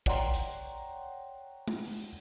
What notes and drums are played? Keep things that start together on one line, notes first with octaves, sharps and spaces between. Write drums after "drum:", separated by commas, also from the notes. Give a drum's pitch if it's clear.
C#5 D5 F#5 G5 A#5 C6, drum: kick
drum: hi-hat
drum: tom
drum: open hi-hat